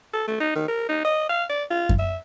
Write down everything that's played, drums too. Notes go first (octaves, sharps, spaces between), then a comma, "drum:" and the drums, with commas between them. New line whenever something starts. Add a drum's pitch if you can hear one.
A4
A3
D#4
D#3
A#4
D#4
D#5
F5
D5
F4
drum: kick F#2
E5